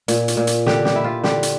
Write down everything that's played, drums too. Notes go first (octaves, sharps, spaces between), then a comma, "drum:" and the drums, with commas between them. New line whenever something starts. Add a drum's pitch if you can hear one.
A#2, drum: hi-hat
drum: hi-hat
A#2
drum: hi-hat
D3 G4, drum: snare
G4, drum: snare
E4
F4
D3 G4, drum: snare
drum: hi-hat